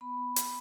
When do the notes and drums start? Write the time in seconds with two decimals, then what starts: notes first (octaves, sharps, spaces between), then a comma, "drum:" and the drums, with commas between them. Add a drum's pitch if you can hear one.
0.01 B3 B5
0.18 B3
0.36 B3, drum: hi-hat